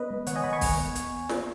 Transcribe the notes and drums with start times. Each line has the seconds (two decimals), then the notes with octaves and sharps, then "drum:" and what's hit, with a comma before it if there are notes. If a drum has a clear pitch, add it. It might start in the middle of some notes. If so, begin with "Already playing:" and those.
Already playing: B3 B4 D#5
0.10 G#3
0.27 D#3 C#5 F#5, drum: hi-hat
0.36 D#5 G#5
0.44 D#3 F#5 B5
0.53 G#5 C#6
0.61 B3, drum: kick, open hi-hat
0.95 drum: hi-hat
1.29 drum: snare